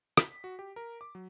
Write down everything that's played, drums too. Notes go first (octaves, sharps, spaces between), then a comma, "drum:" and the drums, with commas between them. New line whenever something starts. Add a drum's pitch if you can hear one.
B6, drum: rim click
F#4
G4
A#4
D6
F#3